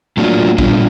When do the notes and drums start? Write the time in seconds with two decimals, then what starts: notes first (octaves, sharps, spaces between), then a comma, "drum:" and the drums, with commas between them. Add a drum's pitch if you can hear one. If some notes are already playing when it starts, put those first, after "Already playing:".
0.17 A2 F#3 A#3 D4 F4
0.58 A#2 G3 B3 D4 F4, drum: kick